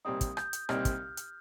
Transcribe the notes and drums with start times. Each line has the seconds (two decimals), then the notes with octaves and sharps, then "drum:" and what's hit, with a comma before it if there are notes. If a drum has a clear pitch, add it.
0.05 C2 A#2 G3 C4 D#4 D#6
0.21 drum: kick, hi-hat
0.37 G6, drum: rim click
0.53 drum: hi-hat
0.69 C2 A#2 G3 C4 D#4 F6, drum: rim click
0.85 drum: kick, hi-hat
1.17 drum: hi-hat